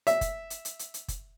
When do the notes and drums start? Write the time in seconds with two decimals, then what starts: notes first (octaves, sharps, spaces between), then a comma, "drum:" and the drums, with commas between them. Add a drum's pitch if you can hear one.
0.07 E5, drum: hi-hat
0.21 drum: kick, hi-hat
0.50 drum: hi-hat
0.65 drum: hi-hat
0.79 drum: hi-hat
0.94 drum: hi-hat
1.08 drum: kick, hi-hat